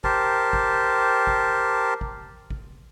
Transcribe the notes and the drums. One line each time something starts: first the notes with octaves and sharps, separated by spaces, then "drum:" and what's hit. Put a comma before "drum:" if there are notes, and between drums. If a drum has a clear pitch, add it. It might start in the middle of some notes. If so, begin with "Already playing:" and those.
G4 A#4 C5 A5, drum: kick
drum: kick
drum: kick
drum: kick
drum: kick